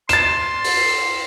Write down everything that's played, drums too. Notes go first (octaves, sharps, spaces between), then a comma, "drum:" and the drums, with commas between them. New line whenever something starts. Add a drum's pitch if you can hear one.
C6 A6 E7, drum: hi-hat
drum: open hi-hat